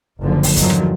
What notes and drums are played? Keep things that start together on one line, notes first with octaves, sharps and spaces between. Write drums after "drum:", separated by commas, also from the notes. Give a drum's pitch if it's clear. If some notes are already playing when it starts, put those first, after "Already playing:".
F#1 D3 F3
drum: open hi-hat
E2 G2 D3 D#3 F3 F#3, drum: kick, hi-hat
drum: rim click